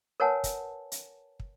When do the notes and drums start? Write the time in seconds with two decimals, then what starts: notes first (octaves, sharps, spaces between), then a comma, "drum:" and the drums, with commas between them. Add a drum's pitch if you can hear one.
0.20 A#4 B4 C#5 F#5 G#5 A5
0.44 drum: kick, hi-hat
0.92 drum: hi-hat
1.40 drum: kick